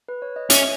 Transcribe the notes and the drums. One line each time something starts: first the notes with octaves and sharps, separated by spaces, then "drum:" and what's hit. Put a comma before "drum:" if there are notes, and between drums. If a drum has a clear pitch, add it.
B4
C#5
D#5
C#4 C#5 E5, drum: hi-hat